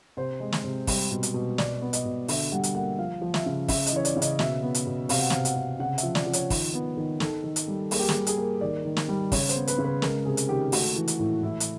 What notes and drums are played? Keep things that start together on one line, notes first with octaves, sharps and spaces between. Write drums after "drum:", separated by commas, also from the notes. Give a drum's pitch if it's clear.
C3 C5
G#3
drum: snare
C3
G3, drum: kick, open hi-hat
B2
drum: hi-hat
B2
B2 D5, drum: snare
B3
D#5, drum: hi-hat
B2
D3 E5, drum: open hi-hat
G3 F#5
drum: hi-hat
A#3 F#5
F3 F5
F3
E5, drum: snare
C#3
C#3 E5, drum: kick, open hi-hat
D#5, drum: hi-hat
E3 C#5
D5, drum: hi-hat
C#3
D#5, drum: hi-hat
B2 E5, drum: snare
B3
drum: hi-hat
B2
C3 F5, drum: open hi-hat
F#5
C3 F5, drum: snare
F#5, drum: hi-hat
C3
C#3 F#5
E5, drum: hi-hat
F3
D5, drum: snare
F3
C#5, drum: hi-hat
D#3, drum: kick, open hi-hat
B3
D#3
D#3 A4, drum: snare
D#3
drum: hi-hat
G3
A#3 G#4, drum: open hi-hat
G4
G#4, drum: snare
G3
G#4, drum: hi-hat
A#3
D#3 D5
D#3
drum: snare
G3
C#3 C#5, drum: kick, open hi-hat
C5, drum: hi-hat
B3
B4, drum: hi-hat
C#3
B4
G#3 A#4, drum: snare
C3 G#4
drum: hi-hat
D#3 G4
A3 F#4, drum: open hi-hat
E3
drum: hi-hat
A2
A2 E4
drum: hi-hat